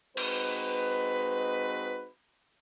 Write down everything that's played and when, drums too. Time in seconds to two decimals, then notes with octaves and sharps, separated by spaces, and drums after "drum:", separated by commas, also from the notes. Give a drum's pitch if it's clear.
0.17 G#3 C4 D#4 F#4 B4, drum: cymbal